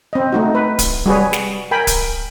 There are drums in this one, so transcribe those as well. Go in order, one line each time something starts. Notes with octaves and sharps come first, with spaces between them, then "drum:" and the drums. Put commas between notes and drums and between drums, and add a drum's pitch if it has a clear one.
C4 D#5
A3 D#4 F#4
B4
drum: kick D1, hi-hat
G3 F#4 G#4 B4 C#5
drum: snare
A#4 G5 G#5 B5
drum: kick D1, hi-hat